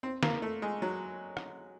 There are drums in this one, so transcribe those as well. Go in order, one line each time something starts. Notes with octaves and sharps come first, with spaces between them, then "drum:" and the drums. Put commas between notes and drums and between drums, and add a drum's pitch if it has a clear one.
C4
A#3, drum: snare
A3
G#3
F#3
drum: rim click